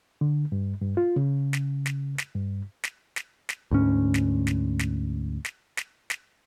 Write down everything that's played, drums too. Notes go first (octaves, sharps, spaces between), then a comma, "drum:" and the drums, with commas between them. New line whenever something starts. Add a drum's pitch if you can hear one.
D3
G2
G2
F4
C#3
drum: snare
drum: snare
drum: snare
G2
drum: snare
drum: snare
drum: snare
D2 G#2 C#4
drum: snare
drum: snare
drum: snare
drum: snare
drum: snare
drum: snare